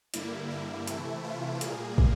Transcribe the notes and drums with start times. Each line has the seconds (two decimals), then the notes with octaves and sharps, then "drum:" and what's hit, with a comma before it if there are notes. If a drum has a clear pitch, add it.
0.14 G2 D3 G3 A#3 E4, drum: hi-hat
0.50 E4
0.87 C3 E3 A3, drum: hi-hat
1.24 F4
1.61 A#2 G3 A#3 G#4, drum: hi-hat
1.98 drum: kick